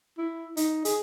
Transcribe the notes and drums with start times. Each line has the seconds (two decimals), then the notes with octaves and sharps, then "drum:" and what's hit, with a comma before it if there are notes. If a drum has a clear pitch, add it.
0.18 E4
0.57 D#4, drum: hi-hat
0.85 G#4, drum: hi-hat